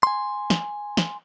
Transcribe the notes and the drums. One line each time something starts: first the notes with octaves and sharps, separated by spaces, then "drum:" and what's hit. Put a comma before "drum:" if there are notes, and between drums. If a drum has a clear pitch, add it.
G#5 C6
drum: snare
drum: snare